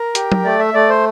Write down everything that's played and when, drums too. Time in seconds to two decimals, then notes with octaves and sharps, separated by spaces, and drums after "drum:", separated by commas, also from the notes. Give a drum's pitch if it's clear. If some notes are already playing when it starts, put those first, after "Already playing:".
Already playing: A#4
0.15 G4, drum: hi-hat
0.32 drum: tom F#3
0.44 A3 D5
0.59 E5
0.74 A3 D5
0.89 C5